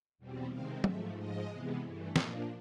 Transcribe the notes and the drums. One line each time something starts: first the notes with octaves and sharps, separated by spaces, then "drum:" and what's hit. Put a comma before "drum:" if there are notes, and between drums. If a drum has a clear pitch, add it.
E2 B2 G3 C4
C3 D#3 G#3 C4 F5
G#2 F3 A3 E5, drum: tom
G#2 F3 G#3 D#5
C3 E3 G#3 B3
G2 E3 A3
A#2 F3 A#3 D4 D#5, drum: snare